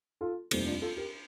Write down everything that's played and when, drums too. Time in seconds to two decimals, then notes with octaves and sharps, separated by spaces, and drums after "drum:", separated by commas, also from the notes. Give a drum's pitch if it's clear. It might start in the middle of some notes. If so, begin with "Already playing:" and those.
0.21 F4 A4
0.51 F1 D#2 D#3 G3 A4 C5, drum: cymbal
0.66 D4 F4
0.82 F4 A4
0.97 G4 A#4